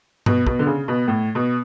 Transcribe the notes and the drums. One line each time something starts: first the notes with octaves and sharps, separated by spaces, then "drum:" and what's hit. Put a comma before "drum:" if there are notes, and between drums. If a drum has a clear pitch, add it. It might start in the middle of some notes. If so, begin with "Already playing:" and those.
B2, drum: tom G2
B2, drum: kick
D3
C#3
B2
A2
B2